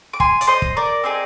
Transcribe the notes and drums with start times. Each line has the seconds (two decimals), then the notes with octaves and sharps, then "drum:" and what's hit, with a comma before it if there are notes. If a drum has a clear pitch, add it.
0.13 D6
0.20 G#5 C6, drum: kick
0.41 D5, drum: hi-hat
0.47 C5 D#5
0.62 drum: kick
0.77 A#4 D5
1.04 C4 D#4 G#4